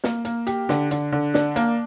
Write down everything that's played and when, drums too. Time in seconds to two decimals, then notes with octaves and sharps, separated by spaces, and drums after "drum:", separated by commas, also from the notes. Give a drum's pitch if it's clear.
0.04 A#3, drum: snare
0.25 A#3, drum: hi-hat
0.47 G4, drum: hi-hat
0.69 D3, drum: snare
0.91 D3, drum: hi-hat
1.12 D3
1.34 D4, drum: snare
1.56 A#3, drum: hi-hat